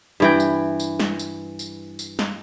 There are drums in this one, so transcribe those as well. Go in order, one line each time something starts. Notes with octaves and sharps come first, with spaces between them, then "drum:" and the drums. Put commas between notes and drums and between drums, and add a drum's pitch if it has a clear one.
G2 E3 G5
drum: tambourine
drum: tambourine
drum: snare
drum: tambourine
drum: tambourine
drum: tambourine
drum: snare